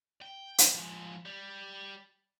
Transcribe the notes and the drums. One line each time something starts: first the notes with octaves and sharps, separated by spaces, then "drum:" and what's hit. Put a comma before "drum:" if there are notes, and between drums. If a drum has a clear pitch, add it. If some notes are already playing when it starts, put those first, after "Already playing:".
G5
drum: hi-hat
F3 G#3
G3